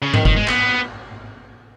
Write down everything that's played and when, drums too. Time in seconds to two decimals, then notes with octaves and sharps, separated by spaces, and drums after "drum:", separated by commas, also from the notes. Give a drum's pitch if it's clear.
0.02 C#3
0.14 D#3, drum: tom G#2
0.25 D#3, drum: kick F#1
0.36 G#3
0.48 B3, drum: clap